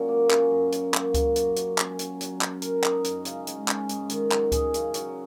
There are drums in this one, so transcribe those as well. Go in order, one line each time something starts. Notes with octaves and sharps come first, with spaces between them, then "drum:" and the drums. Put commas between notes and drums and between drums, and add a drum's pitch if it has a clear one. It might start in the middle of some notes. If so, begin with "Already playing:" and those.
Already playing: A#2 F#3 C#4
A#3
C#4, drum: clap
F#2
F#3, drum: hi-hat
A#3, drum: clap
F#4, drum: kick C#2, hi-hat
F#2, drum: hi-hat
F#3, drum: hi-hat
C#4, drum: clap
F#3, drum: hi-hat
F#3, drum: hi-hat
C#4, drum: clap
A#4, drum: hi-hat
D#4, drum: clap
F#2, drum: hi-hat
C#3, drum: hi-hat
G#3, drum: hi-hat
C#4, drum: clap
G#2, drum: hi-hat
D#3, drum: hi-hat
F#3, drum: clap
G#4, drum: kick C#2, hi-hat
C#3, drum: hi-hat
F#3, drum: hi-hat